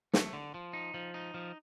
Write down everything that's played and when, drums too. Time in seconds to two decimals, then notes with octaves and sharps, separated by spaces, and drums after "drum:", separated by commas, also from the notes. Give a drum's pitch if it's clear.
0.14 A3, drum: snare
0.33 D3
0.54 F3
0.73 D#4
0.94 F3
1.14 D#4
1.34 F3